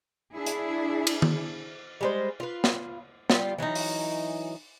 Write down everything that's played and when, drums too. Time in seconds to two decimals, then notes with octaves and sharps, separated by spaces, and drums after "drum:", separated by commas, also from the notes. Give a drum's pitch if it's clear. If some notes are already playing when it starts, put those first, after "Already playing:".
0.34 D4 E4 G#4
0.46 drum: hi-hat
1.07 drum: cymbal
1.22 drum: tom D#3
2.01 G3 G#3 C5
2.40 F4 B4
2.64 drum: snare
3.30 G3 F4, drum: snare
3.58 E3 F#3 C#4 D#4
3.75 drum: open hi-hat